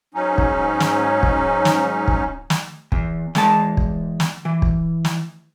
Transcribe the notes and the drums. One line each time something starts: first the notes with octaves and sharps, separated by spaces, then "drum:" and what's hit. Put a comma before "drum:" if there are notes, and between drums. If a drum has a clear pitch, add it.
G#2 F#3 C#4 D#4
drum: kick
drum: snare
drum: kick
drum: snare
drum: kick
drum: snare
E2, drum: kick
E2 G#3 A5, drum: snare
drum: kick
drum: snare
E3
drum: kick
drum: snare